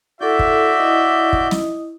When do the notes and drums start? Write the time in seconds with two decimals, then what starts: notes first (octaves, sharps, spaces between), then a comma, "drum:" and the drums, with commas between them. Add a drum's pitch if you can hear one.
0.21 E4 F#4 A4 D5 E5 G6
0.39 drum: kick
0.77 E4 D#5 D#6
1.33 drum: kick
1.51 drum: snare